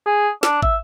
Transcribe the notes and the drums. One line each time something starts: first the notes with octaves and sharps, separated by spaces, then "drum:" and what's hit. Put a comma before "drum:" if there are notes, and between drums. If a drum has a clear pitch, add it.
G#4
D4, drum: snare
E5, drum: kick